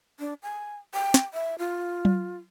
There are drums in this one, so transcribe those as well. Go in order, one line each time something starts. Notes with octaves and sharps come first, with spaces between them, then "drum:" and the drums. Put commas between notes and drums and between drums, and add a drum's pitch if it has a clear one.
D4
G#5
G5
drum: snare
E5
F4
drum: tom F#3